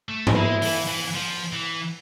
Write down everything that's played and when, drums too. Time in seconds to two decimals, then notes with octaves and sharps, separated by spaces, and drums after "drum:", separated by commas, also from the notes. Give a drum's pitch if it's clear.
0.09 A3
0.27 drum: tom
0.36 G#3 E4
0.62 E3, drum: open hi-hat
0.88 E3
1.15 F3
1.53 E3